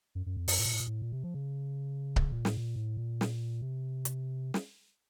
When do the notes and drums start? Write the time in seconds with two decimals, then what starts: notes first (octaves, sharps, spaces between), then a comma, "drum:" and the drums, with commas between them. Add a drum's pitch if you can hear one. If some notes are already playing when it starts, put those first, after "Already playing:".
0.15 F#2
0.26 F#2
0.37 F2
0.48 F#2, drum: open hi-hat
0.59 A2
0.65 A#2
0.73 A2
0.80 A#2
0.87 A2
1.02 A#2
1.12 C3
1.24 F3
1.34 C#3
2.16 drum: kick C#1
2.32 A#2
2.45 A2, drum: snare
2.57 A#2
2.76 A2
2.97 A#2
3.21 drum: snare
3.62 C3
4.05 drum: hi-hat
4.54 drum: snare